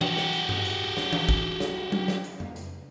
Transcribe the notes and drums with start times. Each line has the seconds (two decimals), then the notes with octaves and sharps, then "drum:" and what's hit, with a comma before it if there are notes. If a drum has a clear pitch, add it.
0.01 F#4 G4, drum: tom E3
0.17 drum: snare
0.33 drum: hi-hat
0.49 drum: tom G2
0.65 drum: hi-hat
0.97 drum: snare
1.13 drum: tom E3
1.29 drum: kick, hi-hat
1.60 drum: snare
1.92 drum: tom F#3
2.08 drum: snare
2.24 drum: hi-hat
2.40 drum: tom F2
2.56 drum: hi-hat